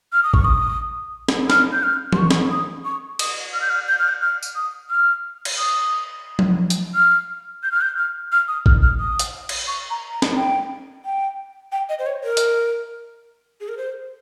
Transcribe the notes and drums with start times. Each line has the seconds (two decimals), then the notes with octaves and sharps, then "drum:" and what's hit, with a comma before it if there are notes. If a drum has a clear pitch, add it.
0.13 F6
0.23 D#6
0.34 C#6, drum: kick A1
0.45 D#6
1.29 drum: snare
1.50 F6, drum: snare
1.73 G6
1.83 F6
2.13 C6, drum: tom E3
2.17 C#6
2.31 drum: snare
2.51 D#6
2.85 C#6
3.19 D#6, drum: cymbal
3.54 F6
3.62 G6
3.70 F6
3.88 G6
3.99 F6
4.09 G6
4.22 F6
4.43 drum: tambourine
4.56 D#6
4.90 F6
5.45 drum: cymbal
5.58 D#6
6.39 drum: tom F3
6.70 drum: hi-hat
6.95 F6
7.63 G6
7.72 F6
7.81 G6
7.97 F6
8.32 F6
8.48 D#6
8.66 F6, drum: kick A1
8.83 F6
9.00 D#6
9.19 drum: hi-hat
9.49 drum: cymbal
9.67 C#6
9.90 A#5
10.13 A#5
10.22 drum: snare
10.36 G5
11.05 G5
11.72 G5
11.89 D#5
11.99 C5
12.06 C#5
12.24 A#4
12.37 drum: hi-hat
13.60 G#4
13.68 A#4
13.77 C5